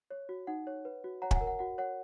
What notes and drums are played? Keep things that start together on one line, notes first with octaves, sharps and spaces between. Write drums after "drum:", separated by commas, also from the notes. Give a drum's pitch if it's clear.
C#5
F#4
D#4 F#5
C#5
B4
F#4
C#5 F#5 A#5
G#5, drum: kick
F#5
A#4
F#5
F#4 F#5
C#5 F#5